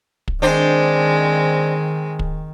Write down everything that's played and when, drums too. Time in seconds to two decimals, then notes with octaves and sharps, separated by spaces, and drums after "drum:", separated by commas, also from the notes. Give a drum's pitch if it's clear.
0.28 drum: kick
0.42 D#3 G#3 C4 D4 C5
2.19 drum: kick